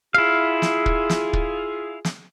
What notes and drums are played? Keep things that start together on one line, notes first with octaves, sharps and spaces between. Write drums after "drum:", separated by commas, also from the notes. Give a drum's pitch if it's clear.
E4 F4 G#4 F5
drum: snare
drum: kick
drum: snare
drum: kick
drum: snare